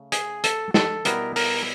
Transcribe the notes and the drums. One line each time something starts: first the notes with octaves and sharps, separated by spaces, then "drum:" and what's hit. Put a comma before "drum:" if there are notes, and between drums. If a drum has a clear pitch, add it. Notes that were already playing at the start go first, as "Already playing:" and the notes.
Already playing: C#3 A3
G#4, drum: hi-hat
A4, drum: hi-hat
A4, drum: snare
B2 G3 B3 E4 A#4, drum: hi-hat
A#4, drum: open hi-hat